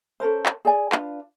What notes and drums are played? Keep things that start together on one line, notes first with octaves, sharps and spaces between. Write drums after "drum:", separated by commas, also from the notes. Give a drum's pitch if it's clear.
C#4 A4 A#4 C5
drum: clap
G#4 D5 G#5
D4 F4 B4, drum: clap